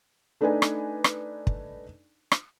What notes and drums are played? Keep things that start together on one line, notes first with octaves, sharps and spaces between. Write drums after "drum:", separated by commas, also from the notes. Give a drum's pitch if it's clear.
A3 D4 D#4 B4 D5 G#5
drum: rim click
drum: rim click
drum: kick
drum: rim click